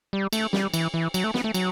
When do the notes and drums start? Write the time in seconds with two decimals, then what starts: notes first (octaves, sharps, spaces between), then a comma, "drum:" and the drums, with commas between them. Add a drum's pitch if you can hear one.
0.13 G3
0.33 A3, drum: cymbal
0.53 G3, drum: snare
0.74 E3, drum: cymbal
0.94 E3
1.14 F#3, drum: cymbal
1.24 A3
1.34 B3, drum: snare
1.44 A3
1.54 F#3, drum: cymbal